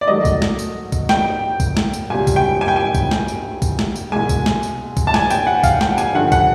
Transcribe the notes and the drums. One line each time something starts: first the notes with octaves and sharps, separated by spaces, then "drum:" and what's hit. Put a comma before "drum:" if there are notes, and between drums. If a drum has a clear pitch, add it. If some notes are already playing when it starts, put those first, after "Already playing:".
D5
G#2 D#3 F#3 A3 D#5
drum: kick, tambourine
drum: snare
drum: tambourine
drum: kick, tambourine
G5, drum: snare
drum: kick, tambourine
drum: snare
drum: tambourine
C#2 B2 G3 G#5
drum: kick, tambourine
G5
G#5
G5
G#5
drum: kick, tambourine
drum: snare
drum: tambourine
drum: kick, tambourine
drum: snare
drum: tambourine
C2 B2 G#3 G#5
drum: kick, tambourine
drum: snare
drum: tambourine
drum: kick, tambourine
A5
G#5, drum: snare
G5, drum: tambourine
F#5
F5, drum: kick, tambourine
G5, drum: snare
G#5, drum: tambourine
G2 D3 F3 F#5
F#5, drum: kick, tambourine